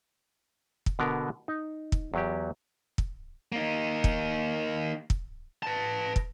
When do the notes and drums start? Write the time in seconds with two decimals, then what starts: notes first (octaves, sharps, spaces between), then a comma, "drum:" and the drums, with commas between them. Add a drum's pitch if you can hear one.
0.86 drum: kick
0.99 B2 D3 B3 A#4
1.48 D#4
1.92 drum: kick
2.14 E2 F#3 G4
2.98 drum: kick
3.52 A#3 D#4
4.04 drum: kick
5.10 drum: kick
5.63 B4 A5
6.16 drum: kick